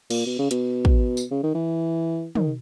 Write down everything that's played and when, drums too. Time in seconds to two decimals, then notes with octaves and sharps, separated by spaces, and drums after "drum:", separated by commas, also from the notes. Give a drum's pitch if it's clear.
0.10 A#2, drum: cymbal
0.27 B2
0.39 C#3
0.51 B2, drum: hi-hat
0.85 drum: kick
1.17 drum: tambourine
1.31 C#3
1.43 D#3
1.55 E3
2.35 D#3, drum: tom